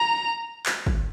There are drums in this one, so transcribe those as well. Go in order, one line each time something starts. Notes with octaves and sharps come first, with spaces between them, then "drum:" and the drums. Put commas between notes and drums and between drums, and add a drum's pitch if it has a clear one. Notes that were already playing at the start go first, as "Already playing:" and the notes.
Already playing: A#5
drum: clap
drum: kick